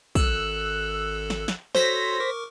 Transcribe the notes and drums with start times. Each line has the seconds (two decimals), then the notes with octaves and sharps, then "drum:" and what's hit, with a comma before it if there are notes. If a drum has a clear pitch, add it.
0.15 G#1 A4 E6 F#6, drum: kick
1.30 drum: snare
1.48 drum: snare
1.75 F#4 A4 C5 C#5 A#6 B6, drum: snare
2.20 A#4 C#6 D6